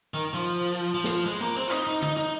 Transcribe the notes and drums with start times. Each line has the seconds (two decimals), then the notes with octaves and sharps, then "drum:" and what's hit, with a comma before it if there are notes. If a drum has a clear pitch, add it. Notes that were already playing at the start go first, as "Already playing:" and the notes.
0.14 D#3
0.34 F3
0.94 F3
1.04 drum: snare
1.26 G#3
1.41 A#3
1.56 C4
1.68 F4
1.71 D#4, drum: clap
1.87 D#4
2.02 D#4, drum: tom
2.17 D#4